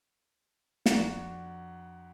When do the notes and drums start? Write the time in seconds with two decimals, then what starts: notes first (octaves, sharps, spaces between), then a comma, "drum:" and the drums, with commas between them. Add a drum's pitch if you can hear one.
0.86 F2 D4 F#4 F#5 A#5 D7, drum: snare